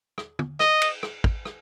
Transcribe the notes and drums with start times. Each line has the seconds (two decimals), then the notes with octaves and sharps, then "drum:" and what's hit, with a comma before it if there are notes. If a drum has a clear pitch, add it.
0.18 drum: rim click
0.39 drum: tom
0.60 D#5, drum: rim click
0.82 drum: cymbal
1.03 drum: rim click
1.24 drum: kick
1.45 drum: rim click